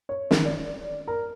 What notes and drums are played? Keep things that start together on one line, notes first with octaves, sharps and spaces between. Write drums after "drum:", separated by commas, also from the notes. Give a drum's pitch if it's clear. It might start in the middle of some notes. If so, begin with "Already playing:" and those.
C#5
D#3, drum: snare
D5
A#4